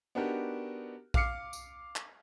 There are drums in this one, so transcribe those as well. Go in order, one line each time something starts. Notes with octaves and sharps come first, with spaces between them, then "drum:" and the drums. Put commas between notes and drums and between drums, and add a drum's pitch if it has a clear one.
B3 D4 D#4 F#4 G4 A#4
F5 D6 F6 C7 C#7, drum: kick A#1
drum: tambourine
drum: clap